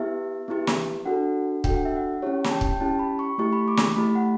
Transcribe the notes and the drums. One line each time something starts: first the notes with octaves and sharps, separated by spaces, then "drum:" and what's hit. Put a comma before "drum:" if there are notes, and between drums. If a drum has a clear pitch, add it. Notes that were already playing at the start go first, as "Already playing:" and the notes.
Already playing: B3 E4 G4 E5
B3 E4 G4
drum: snare
D4 F#4 A4 F#5
D4 F#4 A4 G5, drum: kick
F#5
E5
F#5
C#4 E4 G4 C#5
A5, drum: snare
G5
drum: kick
G5
C#4 E4 G4 A5
B5
C#6
A3 E4 G4 C#6
B5
D6
drum: snare
A3 E4 G4 B5
F#5